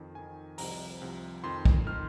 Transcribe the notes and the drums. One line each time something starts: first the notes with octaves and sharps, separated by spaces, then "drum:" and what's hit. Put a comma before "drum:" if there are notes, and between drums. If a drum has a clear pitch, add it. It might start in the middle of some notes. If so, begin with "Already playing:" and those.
Already playing: F2 D#3
F2 D#3 G#5
C2 C3 F3 A#5, drum: open hi-hat
C2 C3 F3
F2 D#3 C6
drum: kick
D#3 F6